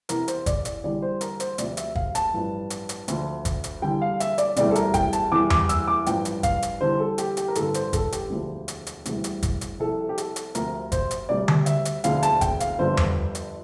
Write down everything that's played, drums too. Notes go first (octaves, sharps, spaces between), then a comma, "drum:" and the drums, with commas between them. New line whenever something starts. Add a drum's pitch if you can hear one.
E2 C3 E3 A#4, drum: hi-hat
C5, drum: hi-hat
D5, drum: kick, hi-hat
D5, drum: hi-hat
E2 D3 G3 D5
C5
A#4, drum: hi-hat
C5, drum: hi-hat
D2 C3 F3 D5, drum: hi-hat
E5, drum: hi-hat
F5, drum: kick
A5, drum: hi-hat
A1 G2 F3
drum: hi-hat
drum: hi-hat
D2 D3 F3, drum: hi-hat
drum: kick, hi-hat
drum: hi-hat
E2 D3 G3 G5
F5
E5, drum: hi-hat
D5, drum: hi-hat
E1 D2 C3 E3 G3 D5, drum: hi-hat
A4
A#4, drum: hi-hat
G5, drum: kick, hi-hat
A5, drum: hi-hat
E2 E3 G3 D6
D6, drum: tom E2
E6, drum: hi-hat
D6
A1 G2 F3 G5, drum: hi-hat
drum: hi-hat
F5, drum: kick, hi-hat
drum: hi-hat
E2 D3 G3 C5
A4
G4, drum: hi-hat
G4, drum: hi-hat
A#4
A1 G2 D3 A4, drum: hi-hat
C5, drum: hi-hat
A4, drum: kick, hi-hat
G4, drum: hi-hat
E1 D2 D3 F3
drum: hi-hat
drum: hi-hat
E1 D2 C3 E3 G3, drum: hi-hat
drum: hi-hat
drum: kick, hi-hat
drum: hi-hat
C2 C3 F3 A4
G4
A4, drum: hi-hat
drum: hi-hat
D2 C3 F3 A#4, drum: hi-hat
C5, drum: kick, hi-hat
drum: hi-hat
D2 C3 G3 D5
drum: tom D3
E5, drum: hi-hat
drum: hi-hat
E1 D2 D3 F3 F5, drum: hi-hat
A5, drum: hi-hat
G5, drum: kick, hi-hat
F5, drum: hi-hat
G1 G2 D3 F3 C5
drum: tom E2
drum: hi-hat